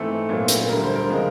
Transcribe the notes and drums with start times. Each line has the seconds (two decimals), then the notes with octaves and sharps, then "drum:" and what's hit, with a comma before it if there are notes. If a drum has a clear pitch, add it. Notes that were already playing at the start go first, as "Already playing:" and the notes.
Already playing: G#2 E3 A3 C4 A4
0.29 A#2 F#3 B3
0.48 drum: hi-hat
0.69 D2 D3 G3 A#4
0.83 C5
0.95 A#4
1.09 C#3 F3 G#3 C4